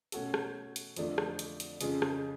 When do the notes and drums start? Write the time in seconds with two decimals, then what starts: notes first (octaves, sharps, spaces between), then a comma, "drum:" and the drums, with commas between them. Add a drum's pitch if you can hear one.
0.12 B2 A3 C#4 F#4 A4, drum: hi-hat
0.34 drum: rim click
0.76 drum: hi-hat
0.97 F2 D3 F3 A3 D4, drum: hi-hat
1.18 drum: rim click
1.39 drum: hi-hat
1.60 drum: hi-hat
1.81 F2 C#3 F3 G#3, drum: hi-hat
2.02 drum: rim click